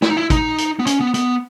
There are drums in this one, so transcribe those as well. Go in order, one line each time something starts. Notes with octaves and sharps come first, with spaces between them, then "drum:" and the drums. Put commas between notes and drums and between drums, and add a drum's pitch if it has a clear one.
E4, drum: snare
D#4
E4
D#4, drum: kick, hi-hat
drum: hi-hat
B3
C#4, drum: hi-hat
B3
B3, drum: hi-hat